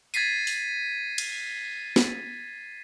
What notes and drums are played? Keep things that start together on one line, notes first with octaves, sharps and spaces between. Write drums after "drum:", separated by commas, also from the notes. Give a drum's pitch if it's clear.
G#6 A6 B6 C7 D#7, drum: tambourine
drum: open hi-hat
drum: cymbal
drum: snare